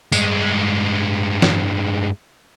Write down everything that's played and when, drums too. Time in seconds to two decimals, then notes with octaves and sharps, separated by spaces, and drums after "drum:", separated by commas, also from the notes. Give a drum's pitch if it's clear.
0.12 G2 G#3, drum: tambourine
1.42 drum: snare